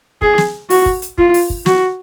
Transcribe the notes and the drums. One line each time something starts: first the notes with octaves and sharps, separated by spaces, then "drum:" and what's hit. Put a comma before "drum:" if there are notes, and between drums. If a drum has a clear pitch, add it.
G#4, drum: kick
drum: snare
F#4, drum: open hi-hat
drum: kick
drum: hi-hat
F4, drum: kick
drum: open hi-hat
drum: kick
F#4, drum: snare